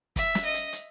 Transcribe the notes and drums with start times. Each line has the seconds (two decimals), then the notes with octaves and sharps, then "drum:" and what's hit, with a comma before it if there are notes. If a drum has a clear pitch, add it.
0.16 E5, drum: kick, hi-hat
0.35 drum: snare
0.44 D#5
0.54 drum: hi-hat
0.73 drum: hi-hat